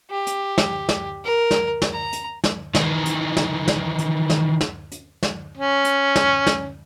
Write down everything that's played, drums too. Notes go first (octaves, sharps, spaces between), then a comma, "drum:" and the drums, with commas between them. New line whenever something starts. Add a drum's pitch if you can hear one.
G4
drum: hi-hat
drum: snare
drum: snare
A#4
drum: snare
drum: snare
A#5
drum: hi-hat
drum: snare
D#3 E3, drum: snare
drum: hi-hat
drum: snare
drum: snare
drum: hi-hat
drum: snare
drum: snare
drum: hi-hat
drum: snare
C#4
drum: hi-hat
drum: snare
drum: snare